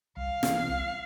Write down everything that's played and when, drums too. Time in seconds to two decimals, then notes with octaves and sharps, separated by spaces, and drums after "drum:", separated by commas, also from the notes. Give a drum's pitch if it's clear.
0.17 C2 F5
0.43 C3 E3, drum: snare
0.69 C2